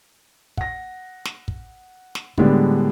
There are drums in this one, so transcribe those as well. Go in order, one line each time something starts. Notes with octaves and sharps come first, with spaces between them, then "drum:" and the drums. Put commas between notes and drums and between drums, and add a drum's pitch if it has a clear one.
F#5 A#6, drum: kick
drum: snare
drum: kick
drum: snare
A2 D3 G3 G#3 B3 D4, drum: kick